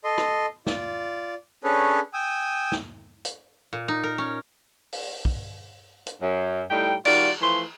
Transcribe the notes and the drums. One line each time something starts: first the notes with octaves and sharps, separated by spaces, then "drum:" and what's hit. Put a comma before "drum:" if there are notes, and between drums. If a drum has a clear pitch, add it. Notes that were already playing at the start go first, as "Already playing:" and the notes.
A4 D#5 C6
drum: rim click
F4 D5, drum: snare
C#4 D4 G#4 A4 B4 C#5
G5 G#5 D#6 E6
drum: snare
drum: hi-hat
A#2
D#4
A#4
C#4
drum: open hi-hat
drum: kick
drum: hi-hat
F#2
A2 G3 D#4 G5
D#3 G3 F4 F#4 D5, drum: cymbal
E3 F3 A3 C6